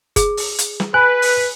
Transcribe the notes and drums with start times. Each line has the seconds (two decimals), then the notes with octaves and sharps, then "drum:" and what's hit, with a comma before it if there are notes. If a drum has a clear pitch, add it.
0.16 G#4, drum: kick F#1, hi-hat
0.37 drum: open hi-hat
0.59 drum: hi-hat
0.80 drum: snare
0.94 B4 G#5 F#6
1.22 drum: open hi-hat